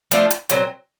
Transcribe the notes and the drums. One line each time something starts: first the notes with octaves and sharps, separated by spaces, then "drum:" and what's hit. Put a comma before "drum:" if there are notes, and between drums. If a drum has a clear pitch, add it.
F3 A3 D4 F4, drum: hi-hat
drum: hi-hat
A#2 F#3 A3 C4, drum: hi-hat